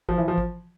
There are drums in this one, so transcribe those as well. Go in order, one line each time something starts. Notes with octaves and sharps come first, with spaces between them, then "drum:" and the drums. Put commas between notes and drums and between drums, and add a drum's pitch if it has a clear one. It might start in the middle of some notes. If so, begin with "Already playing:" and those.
F3, drum: kick
E3
F3
drum: kick